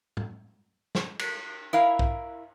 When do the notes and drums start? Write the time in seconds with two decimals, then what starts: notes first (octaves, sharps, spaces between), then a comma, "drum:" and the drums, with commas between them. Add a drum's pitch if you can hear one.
0.17 drum: tom
0.95 drum: snare
1.19 drum: cymbal
1.73 E4 A#4 F5
1.99 drum: kick B1